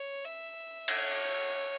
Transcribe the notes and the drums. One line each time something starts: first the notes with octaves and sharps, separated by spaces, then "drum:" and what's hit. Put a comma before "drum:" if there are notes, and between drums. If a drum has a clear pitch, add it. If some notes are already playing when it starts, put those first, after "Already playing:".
Already playing: C#5
E5
drum: cymbal
C#5